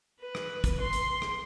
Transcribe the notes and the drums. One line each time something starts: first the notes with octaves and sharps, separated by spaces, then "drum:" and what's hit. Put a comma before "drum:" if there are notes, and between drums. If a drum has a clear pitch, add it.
B4
drum: rim click
drum: kick, hi-hat
C6
drum: hi-hat
drum: rim click